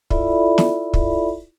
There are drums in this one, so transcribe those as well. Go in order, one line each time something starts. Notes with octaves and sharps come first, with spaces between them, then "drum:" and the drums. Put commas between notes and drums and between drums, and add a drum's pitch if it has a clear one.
E4 F4 A4 D5 E5 B5, drum: kick
drum: snare
drum: kick